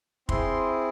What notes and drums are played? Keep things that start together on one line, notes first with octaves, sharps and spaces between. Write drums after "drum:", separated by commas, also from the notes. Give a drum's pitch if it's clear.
C4 E4 G#4 C6, drum: kick